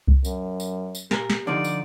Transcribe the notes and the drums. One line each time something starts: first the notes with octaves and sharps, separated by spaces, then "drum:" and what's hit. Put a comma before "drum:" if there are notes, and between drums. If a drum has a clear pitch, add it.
drum: kick C2
F#2, drum: tambourine
drum: tambourine
drum: tambourine
A#2 G4 A#4, drum: snare
drum: snare
D3 F3 D#4 D5
drum: tambourine